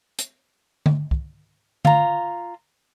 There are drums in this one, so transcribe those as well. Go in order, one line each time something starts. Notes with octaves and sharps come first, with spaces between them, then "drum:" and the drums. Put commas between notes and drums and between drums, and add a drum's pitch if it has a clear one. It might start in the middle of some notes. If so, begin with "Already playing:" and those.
drum: hi-hat
drum: tom D3
drum: kick
F4 A#5, drum: tom D3